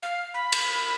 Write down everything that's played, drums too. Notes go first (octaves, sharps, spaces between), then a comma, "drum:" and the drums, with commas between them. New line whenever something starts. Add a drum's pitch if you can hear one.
F5
B5
drum: cymbal